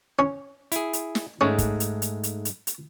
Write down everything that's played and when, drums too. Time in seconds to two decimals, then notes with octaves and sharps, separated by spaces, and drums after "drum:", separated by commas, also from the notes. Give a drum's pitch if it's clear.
0.19 C#4
0.72 E4 G#4, drum: hi-hat
0.93 drum: hi-hat
1.15 drum: snare
1.41 G#2 G#3 A3 C#4
1.58 drum: kick, hi-hat
1.80 drum: hi-hat
2.02 drum: hi-hat
2.23 drum: hi-hat
2.45 drum: hi-hat
2.67 drum: hi-hat